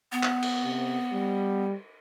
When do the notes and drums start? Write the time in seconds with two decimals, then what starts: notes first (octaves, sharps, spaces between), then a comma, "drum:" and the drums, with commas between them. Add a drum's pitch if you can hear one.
0.12 B3
0.23 drum: clap
0.43 drum: cymbal
0.64 C3
1.13 G3